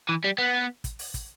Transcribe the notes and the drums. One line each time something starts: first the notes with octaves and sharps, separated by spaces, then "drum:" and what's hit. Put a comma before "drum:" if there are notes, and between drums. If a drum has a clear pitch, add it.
E3
G3
B3
drum: kick, hi-hat
drum: open hi-hat
drum: kick, hi-hat